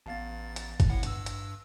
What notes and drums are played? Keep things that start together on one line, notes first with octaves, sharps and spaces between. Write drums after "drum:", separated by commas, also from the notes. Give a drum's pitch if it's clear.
A1 B3 F5 A5 A6
drum: hi-hat
drum: kick G1, hi-hat
A2 F#5
G2 E6, drum: hi-hat
drum: hi-hat